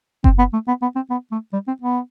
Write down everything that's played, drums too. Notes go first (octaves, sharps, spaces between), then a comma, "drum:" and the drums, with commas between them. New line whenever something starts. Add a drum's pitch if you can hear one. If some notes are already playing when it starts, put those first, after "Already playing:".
C4, drum: kick F#1
B3
A3
B3
B3
C4
B3
A3
G3
C4
B3